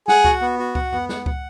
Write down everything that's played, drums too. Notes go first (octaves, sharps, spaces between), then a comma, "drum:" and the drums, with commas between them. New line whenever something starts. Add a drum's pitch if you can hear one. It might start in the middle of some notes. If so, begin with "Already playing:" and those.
G#4 F#5, drum: snare
F#4, drum: kick C#2
B3
F#4
F#5, drum: kick C#2
B3, drum: tom F2
F#5, drum: snare
F#5, drum: kick C#2